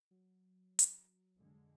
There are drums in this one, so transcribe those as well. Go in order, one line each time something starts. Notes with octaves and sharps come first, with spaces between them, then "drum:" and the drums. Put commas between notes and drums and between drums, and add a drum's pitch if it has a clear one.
F#3
drum: hi-hat
F2 D3 G#3